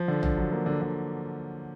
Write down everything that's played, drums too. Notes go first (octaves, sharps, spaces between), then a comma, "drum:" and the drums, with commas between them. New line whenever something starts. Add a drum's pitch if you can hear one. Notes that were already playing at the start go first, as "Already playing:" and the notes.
Already playing: F3
D3
D3, drum: tom A1
F#3
A#3
D3
D3